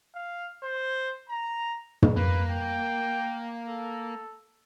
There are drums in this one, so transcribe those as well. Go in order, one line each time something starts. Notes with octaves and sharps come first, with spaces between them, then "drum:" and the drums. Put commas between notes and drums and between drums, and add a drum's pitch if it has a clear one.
F5
C5
A#5
drum: tom
A#3 B4
G5
A4